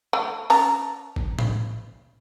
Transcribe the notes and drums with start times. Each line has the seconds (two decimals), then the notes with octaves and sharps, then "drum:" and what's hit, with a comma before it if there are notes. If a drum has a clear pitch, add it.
0.13 A3
0.50 C#4 A5 A#5, drum: open hi-hat
1.16 drum: kick G1
1.39 drum: tom A2